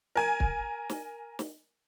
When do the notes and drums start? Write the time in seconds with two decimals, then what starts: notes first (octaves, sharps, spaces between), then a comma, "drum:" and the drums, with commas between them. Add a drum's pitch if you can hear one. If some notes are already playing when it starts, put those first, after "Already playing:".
0.15 A#4 G#5
0.40 drum: kick
0.90 drum: snare
1.39 drum: snare